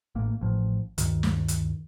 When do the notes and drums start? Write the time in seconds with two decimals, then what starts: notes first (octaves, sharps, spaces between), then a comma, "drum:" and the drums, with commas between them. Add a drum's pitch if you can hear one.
0.15 A1 A#3
0.41 A1 F3
0.98 D2 G2 D#3, drum: hi-hat
1.23 drum: snare
1.48 drum: hi-hat